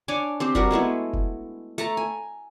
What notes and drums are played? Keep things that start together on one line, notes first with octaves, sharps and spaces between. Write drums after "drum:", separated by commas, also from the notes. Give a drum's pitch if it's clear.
D4 C#5 G#5 D6
C4 G4 C5
G3 F#4 A#4, drum: kick F1
G#3 A3 B3 E4
drum: kick F1
A3 A5 A#5, drum: hi-hat
G#5